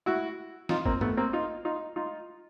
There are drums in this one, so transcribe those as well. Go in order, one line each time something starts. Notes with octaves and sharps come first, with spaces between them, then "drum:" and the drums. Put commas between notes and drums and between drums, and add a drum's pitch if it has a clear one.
E4 F#4
D#4 F4, drum: snare
A#3 C4, drum: kick F#1
A3 B3, drum: tom G2
A#3 C4
D#4 F4
D#4 F4
D#4 F4